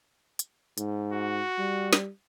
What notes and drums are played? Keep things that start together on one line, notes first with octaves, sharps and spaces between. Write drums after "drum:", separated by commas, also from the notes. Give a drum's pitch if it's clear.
drum: hi-hat
G#2, drum: hi-hat
F#4
G3
drum: snare